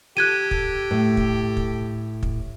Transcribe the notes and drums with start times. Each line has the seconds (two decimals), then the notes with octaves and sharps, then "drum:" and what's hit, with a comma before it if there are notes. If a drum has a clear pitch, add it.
0.17 G4 A4 F#6 G#6 D#7
0.51 drum: kick
0.91 A2
1.17 drum: kick
1.57 drum: kick
2.23 drum: kick